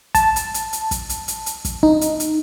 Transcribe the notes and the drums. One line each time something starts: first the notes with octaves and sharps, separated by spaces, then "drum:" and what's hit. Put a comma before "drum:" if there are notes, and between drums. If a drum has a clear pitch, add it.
A5, drum: kick, hi-hat
drum: hi-hat
drum: hi-hat
drum: hi-hat
drum: kick, hi-hat
drum: hi-hat
drum: hi-hat
drum: hi-hat
drum: kick, hi-hat
D#4
drum: hi-hat
drum: hi-hat